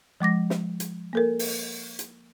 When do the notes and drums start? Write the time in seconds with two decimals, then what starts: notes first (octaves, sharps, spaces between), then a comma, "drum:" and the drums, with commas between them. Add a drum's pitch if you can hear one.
0.20 F3 G#3 D6 A#6
0.50 drum: snare
0.80 drum: hi-hat
1.13 A#3 A4 A#4
1.39 drum: open hi-hat
1.99 drum: hi-hat